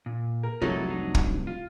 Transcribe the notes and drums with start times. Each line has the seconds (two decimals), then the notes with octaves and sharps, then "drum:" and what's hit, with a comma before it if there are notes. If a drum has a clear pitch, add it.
0.06 A#2
0.43 A#4
0.62 F1 C2 G2 F#3 D#4 E4 A4
0.89 D4 D#4
1.15 drum: kick
1.47 F4